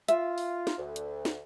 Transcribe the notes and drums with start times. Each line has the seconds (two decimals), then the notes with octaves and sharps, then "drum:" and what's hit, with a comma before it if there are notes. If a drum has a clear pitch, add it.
0.08 F4 E5, drum: hi-hat
0.38 drum: open hi-hat
0.67 drum: snare
0.77 D2
0.96 drum: hi-hat
1.25 drum: snare